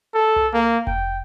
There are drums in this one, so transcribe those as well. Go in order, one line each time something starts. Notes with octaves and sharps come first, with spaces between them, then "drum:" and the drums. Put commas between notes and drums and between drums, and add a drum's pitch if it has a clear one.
A4
drum: tom C2
A#3
G5, drum: kick F1